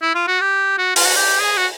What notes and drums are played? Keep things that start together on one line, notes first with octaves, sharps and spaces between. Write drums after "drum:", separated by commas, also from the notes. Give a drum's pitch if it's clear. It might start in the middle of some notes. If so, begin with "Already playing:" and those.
E4
F4
F#4
G4
F#4
F4, drum: open hi-hat
F#4
G4
G#4
F#4